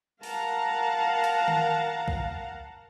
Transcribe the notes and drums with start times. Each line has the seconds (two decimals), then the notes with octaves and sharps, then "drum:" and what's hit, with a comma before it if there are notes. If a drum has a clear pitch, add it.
0.23 A#4 F5 F#5 A5 A#5, drum: open hi-hat
1.24 drum: hi-hat
1.48 drum: tom D#3
2.08 drum: kick